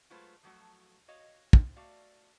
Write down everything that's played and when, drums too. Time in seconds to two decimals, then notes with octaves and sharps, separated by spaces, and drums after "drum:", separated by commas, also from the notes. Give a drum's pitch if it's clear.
0.10 F#3 G#3 A3 F4 B4 C5
0.43 F3 F#3 A3 F#4
1.08 F#4 C#5 D#5 F5
1.53 drum: kick
1.76 A3 F#4 D5 F5